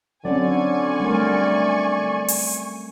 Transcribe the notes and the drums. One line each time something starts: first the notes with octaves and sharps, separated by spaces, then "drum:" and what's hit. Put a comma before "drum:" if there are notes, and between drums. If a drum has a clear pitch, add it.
D3 F#3 C4 C#4 D5 G#5 C#6
G3 A3 A#4
drum: open hi-hat